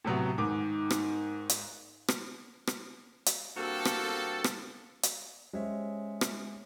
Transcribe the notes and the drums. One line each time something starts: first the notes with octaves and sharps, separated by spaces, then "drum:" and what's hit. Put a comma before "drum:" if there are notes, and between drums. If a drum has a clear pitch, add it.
A2 C3 F#3 B3
G#2 D#3 D6
drum: rim click
drum: hi-hat
drum: rim click
drum: rim click
drum: hi-hat
G2 A#3 C4 F#4 A4
drum: rim click
drum: rim click
drum: hi-hat
G#3 C#4 G4 C5 C#5 E5
drum: rim click